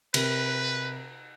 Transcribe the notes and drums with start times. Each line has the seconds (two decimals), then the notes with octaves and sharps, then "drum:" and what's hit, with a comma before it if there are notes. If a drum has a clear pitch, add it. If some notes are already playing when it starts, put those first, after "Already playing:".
0.14 C3 A#4 B4, drum: cymbal